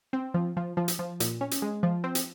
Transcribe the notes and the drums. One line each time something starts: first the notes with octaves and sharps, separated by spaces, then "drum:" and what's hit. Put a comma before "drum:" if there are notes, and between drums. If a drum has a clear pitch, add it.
C4
F3
F3
F3
drum: hi-hat
F3
A#2, drum: hi-hat
C#4
drum: hi-hat
G#3
F3
C4
drum: hi-hat